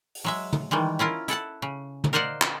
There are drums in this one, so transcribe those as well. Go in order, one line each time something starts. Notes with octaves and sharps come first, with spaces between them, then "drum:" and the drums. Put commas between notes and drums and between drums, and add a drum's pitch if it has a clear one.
drum: open hi-hat
F#3 G#3 E5
drum: tom
D#3 E3 G3 G#3
C#4 E4 F4 A#4
E4 A4 F#5 A5, drum: hi-hat
C#3
drum: tom
A#4 C5 D5 D#5 F5 F#5
drum: clap